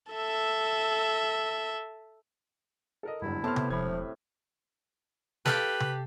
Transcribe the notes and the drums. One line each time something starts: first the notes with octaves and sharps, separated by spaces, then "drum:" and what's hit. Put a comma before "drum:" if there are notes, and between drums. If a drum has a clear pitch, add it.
A4 E5
A4 A#4 D#5
F#1 E2 G2 E4
A2 C3 B3 A5 C6 F6
drum: tom C3
E1 F3 B5 G#6
G4 A4 B4 F5 G5, drum: snare
drum: tom C3